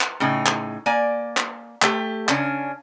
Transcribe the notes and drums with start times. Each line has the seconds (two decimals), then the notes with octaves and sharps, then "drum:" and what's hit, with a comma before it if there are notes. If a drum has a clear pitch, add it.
0.01 drum: clap
0.20 A2 C#3 D#4
0.46 drum: clap
0.86 A#3 D5 G#5
1.37 drum: clap
1.82 A3 G4, drum: clap
2.29 C#3 C#4 D4, drum: clap